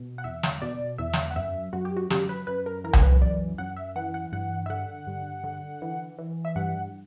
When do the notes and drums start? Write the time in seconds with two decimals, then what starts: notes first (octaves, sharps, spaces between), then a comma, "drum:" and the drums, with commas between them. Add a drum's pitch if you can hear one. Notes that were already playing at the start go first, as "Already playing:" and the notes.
Already playing: B2
0.18 F#5
0.24 E2 E5
0.43 drum: snare
0.62 B2 D5
0.98 E2 E5
1.13 drum: snare
1.31 F#5
1.36 F#2 E5
1.73 F#2 F#4
1.85 G4
1.97 F#4
2.10 F#2 G4, drum: snare
2.29 B4
2.47 F#2 B4
2.66 A#4
2.84 E3 A#4
2.93 drum: tom C2
3.03 B4
3.22 F#2 D5
3.58 F#2 F#5
3.77 E5
3.96 E3 F#5
4.14 F#5
4.32 G2 F#5
4.66 E5
4.70 D3 F#5
5.07 G2
5.44 D3
5.82 E3
6.19 E3
6.45 E5
6.56 G2 F#5